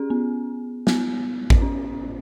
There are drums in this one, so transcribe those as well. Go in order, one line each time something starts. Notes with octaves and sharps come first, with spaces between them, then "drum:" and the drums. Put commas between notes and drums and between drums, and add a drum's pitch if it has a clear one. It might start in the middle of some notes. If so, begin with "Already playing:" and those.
Already playing: C#4 G#4
B3
B3, drum: snare
drum: kick A1
C#4